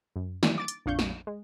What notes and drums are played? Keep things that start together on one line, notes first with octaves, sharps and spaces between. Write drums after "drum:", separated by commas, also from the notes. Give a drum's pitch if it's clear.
F#2
D#3 E3 G3 A#3 D4 E4, drum: snare
D6 A6 D7
drum: hi-hat
A#1 F2 D4 F5 C#6 G6
drum: snare
G#3